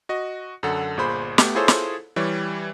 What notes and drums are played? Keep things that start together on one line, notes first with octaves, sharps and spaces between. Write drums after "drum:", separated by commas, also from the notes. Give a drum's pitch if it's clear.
F#4 D#5
F#2 D3 A4 F#5
G1 A#2 G#4 C5 B5
A3 B3 G4, drum: snare
E4 F4 G#4 A4 C5 C#5
drum: snare
E3 G3 C#5 D5